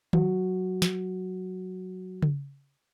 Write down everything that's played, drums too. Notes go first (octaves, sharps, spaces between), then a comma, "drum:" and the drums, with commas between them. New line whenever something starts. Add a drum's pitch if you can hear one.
F#3 F#4, drum: tom D#3
drum: snare
drum: tom C#3